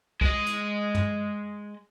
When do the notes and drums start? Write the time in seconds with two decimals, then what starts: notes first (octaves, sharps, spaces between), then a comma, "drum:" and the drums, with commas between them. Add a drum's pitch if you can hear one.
0.21 G#3 D#5, drum: kick
0.47 drum: hi-hat
0.95 drum: tom